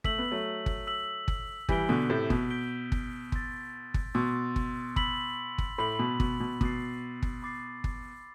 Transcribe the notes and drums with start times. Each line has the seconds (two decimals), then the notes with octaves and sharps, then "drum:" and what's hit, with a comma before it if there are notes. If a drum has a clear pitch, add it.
0.04 A3 E6 B6 F#7, drum: kick G1
0.18 B3
0.31 F#3 A3
0.66 drum: kick G1
0.87 E6 B6 F#7
1.28 drum: kick G1
1.69 E3 G3 G6 B6 D7 G7, drum: kick G1
1.89 B2 D3
2.10 A2 C3
2.30 B2, drum: kick G1
2.50 G6 B6 D7 G7
2.92 drum: kick G1
3.32 C6 E6 A6, drum: kick G1
3.94 drum: kick G1
4.14 B2 C6 E6 A6
4.56 drum: kick G1
4.96 B5 E6 B6 F#7, drum: kick G1
5.58 drum: kick G1
5.78 A2 B5 E6 B6 F#7
5.99 B2
6.20 B2, drum: kick G1
6.40 B2
6.61 B2 B5 D6 A6 C7, drum: kick G1
7.22 drum: kick G1
7.42 B5 D6 A6 C7
7.84 drum: kick G1